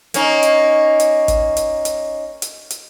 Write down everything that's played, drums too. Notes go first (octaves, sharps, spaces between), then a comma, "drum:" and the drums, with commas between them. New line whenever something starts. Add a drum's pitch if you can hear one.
A#3 C#4 D#4, drum: hi-hat
drum: hi-hat
drum: hi-hat
drum: kick G#1, hi-hat
drum: hi-hat
drum: hi-hat
drum: hi-hat
drum: hi-hat